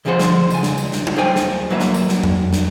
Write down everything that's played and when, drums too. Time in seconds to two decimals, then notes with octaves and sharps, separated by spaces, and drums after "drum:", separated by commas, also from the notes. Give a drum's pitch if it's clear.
0.05 D#2 D3 F3 G#4 C5 F#5
0.19 drum: snare
0.50 C#2 G#5, drum: tambourine
0.63 drum: snare
0.78 drum: tambourine
0.92 drum: snare
1.07 drum: tom F#3
1.16 D#2 G#4 C5 G5 G#5
1.36 drum: snare
1.70 F#3 A#3 B4 E5
1.80 drum: snare
1.94 drum: tambourine
2.09 drum: snare
2.23 drum: tom F2
2.53 drum: snare